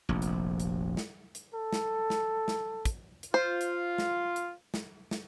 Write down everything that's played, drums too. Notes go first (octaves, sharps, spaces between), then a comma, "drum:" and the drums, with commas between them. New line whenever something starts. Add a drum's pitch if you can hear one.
F1 A#1
drum: hi-hat
drum: hi-hat
drum: snare
drum: hi-hat
A4
drum: snare
drum: snare
drum: snare
drum: kick, hi-hat
drum: hi-hat
F4 C5
drum: hi-hat
drum: snare
drum: hi-hat
drum: snare
drum: snare